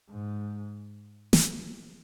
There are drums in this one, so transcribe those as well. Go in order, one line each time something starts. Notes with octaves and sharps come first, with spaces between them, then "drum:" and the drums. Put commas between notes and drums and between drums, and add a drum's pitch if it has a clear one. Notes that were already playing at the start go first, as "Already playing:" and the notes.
G#2
drum: snare